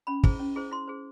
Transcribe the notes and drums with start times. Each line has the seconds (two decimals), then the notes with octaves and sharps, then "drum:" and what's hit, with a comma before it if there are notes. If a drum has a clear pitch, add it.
0.07 C#4 B5
0.24 E4 G#4 C5, drum: kick
0.40 C#4
0.56 E4 G#4 C5
0.71 E4 C6
0.88 G#4 C5